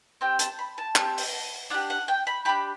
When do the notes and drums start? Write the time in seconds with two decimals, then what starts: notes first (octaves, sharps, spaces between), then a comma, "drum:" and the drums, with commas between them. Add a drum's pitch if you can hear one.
0.21 C4 G4 G5
0.39 A5, drum: hi-hat
0.59 B5
0.78 A5
0.96 C4 G4, drum: clap
1.18 drum: open hi-hat
1.70 D4 G4 F#5
1.90 F#5
2.08 G5
2.27 B5
2.45 D4 G4 B5